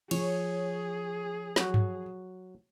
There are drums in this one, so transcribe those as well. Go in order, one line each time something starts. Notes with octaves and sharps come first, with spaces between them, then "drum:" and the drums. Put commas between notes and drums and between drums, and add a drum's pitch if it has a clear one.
F3 G#4 C#5, drum: cymbal
F#3 F#4, drum: snare
drum: tom G2